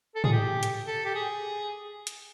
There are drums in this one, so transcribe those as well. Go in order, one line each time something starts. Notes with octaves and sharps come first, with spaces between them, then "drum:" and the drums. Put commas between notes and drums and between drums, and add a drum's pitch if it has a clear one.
A4
G#4, drum: tom
G4
drum: hi-hat
A4
G4
G#4
drum: hi-hat